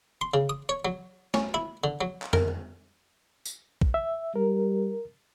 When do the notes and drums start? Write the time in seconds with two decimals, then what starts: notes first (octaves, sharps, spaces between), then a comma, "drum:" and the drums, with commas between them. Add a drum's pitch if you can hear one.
0.21 C6
0.34 C#3
0.49 D#6
0.69 C#5
0.85 F#3
1.34 C#4, drum: snare
1.54 E4
1.84 D3
2.01 F#3
2.22 drum: clap
2.33 A#4, drum: tom F2
3.45 drum: tambourine
3.81 drum: kick
3.94 E5
4.36 G3 A#4